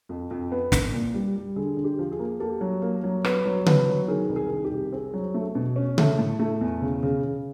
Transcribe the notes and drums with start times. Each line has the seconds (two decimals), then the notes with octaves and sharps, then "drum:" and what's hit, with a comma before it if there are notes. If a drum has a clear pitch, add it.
0.09 F2
0.31 F2
0.52 B3
0.72 C2, drum: snare
0.93 A#2
1.14 G3
1.36 G3
1.56 D3 G#4
1.77 D3
1.84 G4
1.99 F3
2.12 G#4
2.19 A#3
2.40 A#3 G4 A4
2.61 F#3
2.82 A#3
3.04 F#3
3.24 B3, drum: rim click
3.45 F#3
3.66 B3, drum: tom C#3
3.88 F#3
4.08 D#3 G#4 A#4
4.29 C2
4.36 G#4
4.50 D#3
4.64 G4
4.71 C2
4.93 C4 G#4
5.14 F#3
5.34 A3
5.55 B2
5.76 C#4
5.98 A3, drum: tom C#3
6.19 A2
6.39 A3
6.61 E2
6.82 C#3
7.03 C#3
7.23 C#3